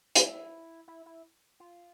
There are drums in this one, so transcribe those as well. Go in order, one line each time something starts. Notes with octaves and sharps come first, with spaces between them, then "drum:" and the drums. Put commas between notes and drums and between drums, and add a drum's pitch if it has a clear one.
E4, drum: hi-hat
E4
E4
F4